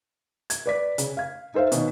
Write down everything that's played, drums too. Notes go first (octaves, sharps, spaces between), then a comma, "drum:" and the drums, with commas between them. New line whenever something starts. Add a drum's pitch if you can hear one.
G#6, drum: hi-hat
B4 D5 B6
C#3, drum: hi-hat
F5 G#6
D#4 A4 C5 E5 F5
B2 D#3 C#4, drum: hi-hat